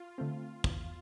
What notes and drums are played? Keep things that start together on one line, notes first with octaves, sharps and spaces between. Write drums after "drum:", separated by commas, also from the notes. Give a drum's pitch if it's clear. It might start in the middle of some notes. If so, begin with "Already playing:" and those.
Already playing: F4
D3 A3 C4
E2, drum: kick